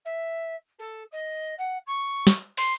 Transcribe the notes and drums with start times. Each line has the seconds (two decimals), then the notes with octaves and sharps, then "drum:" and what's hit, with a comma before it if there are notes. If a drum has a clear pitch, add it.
0.05 E5
0.79 A4
1.12 D#5
1.58 F#5
1.87 C#6
2.27 drum: snare
2.57 C6, drum: open hi-hat